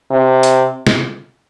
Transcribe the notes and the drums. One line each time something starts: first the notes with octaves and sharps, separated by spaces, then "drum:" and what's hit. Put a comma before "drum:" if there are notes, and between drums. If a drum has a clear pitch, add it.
C3
drum: hi-hat
drum: snare